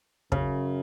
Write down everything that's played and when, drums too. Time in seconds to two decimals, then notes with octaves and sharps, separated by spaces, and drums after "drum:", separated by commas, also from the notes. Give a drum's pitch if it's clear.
0.32 F#2 C#3, drum: kick